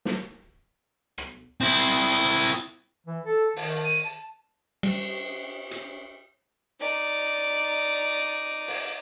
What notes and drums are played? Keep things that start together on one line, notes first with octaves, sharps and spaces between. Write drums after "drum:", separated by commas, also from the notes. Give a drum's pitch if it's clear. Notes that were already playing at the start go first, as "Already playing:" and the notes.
drum: snare
drum: rim click
C4 E4
E3
A4 A5
D#3 A5, drum: open hi-hat
D#7
A5
G3, drum: cymbal
drum: hi-hat
D#4 D5
drum: open hi-hat